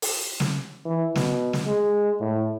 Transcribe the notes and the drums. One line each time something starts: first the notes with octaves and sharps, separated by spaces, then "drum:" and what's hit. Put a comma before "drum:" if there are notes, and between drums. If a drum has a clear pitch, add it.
drum: open hi-hat
drum: snare
E3
B2, drum: snare
drum: snare
G#3
A2